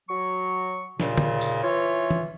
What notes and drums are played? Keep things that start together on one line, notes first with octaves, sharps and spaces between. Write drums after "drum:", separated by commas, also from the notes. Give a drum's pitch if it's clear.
F#3 C#6
D#2 A#2 C#3, drum: snare
drum: tom
drum: tambourine
E3 F4 C#5
drum: tom